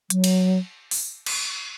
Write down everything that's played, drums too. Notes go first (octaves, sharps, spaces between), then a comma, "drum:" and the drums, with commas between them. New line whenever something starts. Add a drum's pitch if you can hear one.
F#3, drum: hi-hat
drum: cymbal
drum: open hi-hat
drum: cymbal